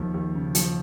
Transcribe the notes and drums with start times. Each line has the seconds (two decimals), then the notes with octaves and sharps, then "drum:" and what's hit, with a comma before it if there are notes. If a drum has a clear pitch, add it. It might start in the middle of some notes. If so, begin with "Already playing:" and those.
Already playing: D#2 F3
0.14 D#2
0.35 C#3
0.55 F3, drum: hi-hat